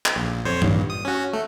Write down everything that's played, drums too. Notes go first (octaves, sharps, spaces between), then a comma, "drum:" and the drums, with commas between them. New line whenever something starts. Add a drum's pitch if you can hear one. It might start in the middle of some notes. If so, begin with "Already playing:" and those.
drum: clap
A#1
F2 C5 C#5
A#1 G2, drum: tom G2
D#6
C#4 F#4
A3